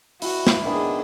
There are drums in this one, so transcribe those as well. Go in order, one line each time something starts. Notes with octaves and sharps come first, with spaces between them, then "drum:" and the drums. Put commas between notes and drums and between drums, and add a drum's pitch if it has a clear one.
E4 F#4, drum: open hi-hat
drum: snare
D#3 B3 D4 D#4 G#4